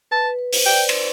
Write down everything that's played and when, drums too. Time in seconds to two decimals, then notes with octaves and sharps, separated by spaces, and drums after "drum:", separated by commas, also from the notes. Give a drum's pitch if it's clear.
0.11 B4 A5
0.24 B4
0.39 B4
0.53 C5, drum: open hi-hat
0.66 D5 G5
0.89 drum: cymbal